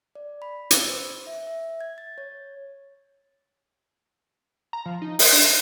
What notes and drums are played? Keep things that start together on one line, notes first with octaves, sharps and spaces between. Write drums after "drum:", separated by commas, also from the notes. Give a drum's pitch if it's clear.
D5
B5
E6, drum: hi-hat
C5
E5
E5
G#6
A6
C#5
A#5
F3
D#4
D#6, drum: open hi-hat
D4
A#5